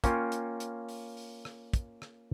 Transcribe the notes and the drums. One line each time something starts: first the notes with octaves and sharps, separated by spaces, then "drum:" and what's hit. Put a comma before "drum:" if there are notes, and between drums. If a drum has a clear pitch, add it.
A#3 C#4 F4 C#5 G5, drum: kick, hi-hat
drum: hi-hat
drum: hi-hat
drum: open hi-hat
drum: open hi-hat
drum: rim click
drum: kick, hi-hat
drum: rim click